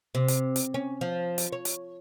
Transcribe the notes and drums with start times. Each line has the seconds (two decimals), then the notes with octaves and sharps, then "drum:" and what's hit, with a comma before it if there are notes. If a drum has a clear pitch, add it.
0.15 C3
0.28 drum: hi-hat
0.56 drum: hi-hat
0.74 C#4
1.01 F3
1.38 drum: hi-hat
1.52 C#5
1.65 drum: hi-hat